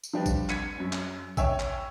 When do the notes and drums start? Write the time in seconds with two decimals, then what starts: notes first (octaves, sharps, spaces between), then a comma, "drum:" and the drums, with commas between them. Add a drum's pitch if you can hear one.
0.03 drum: tambourine
0.13 F3 G3 D4 G4 B4
0.26 drum: kick A1, tambourine
0.49 G#6 B6 C#7 D#7, drum: clap
0.78 F#2 C#4
0.93 drum: clap
1.37 C#5 E5 G5 G#5 E6, drum: kick A1, tambourine
1.60 drum: clap